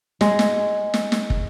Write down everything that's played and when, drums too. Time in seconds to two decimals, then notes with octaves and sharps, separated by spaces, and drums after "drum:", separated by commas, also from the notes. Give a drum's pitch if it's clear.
0.21 G#3, drum: snare
0.39 drum: snare
0.94 drum: snare
1.12 drum: snare
1.30 drum: kick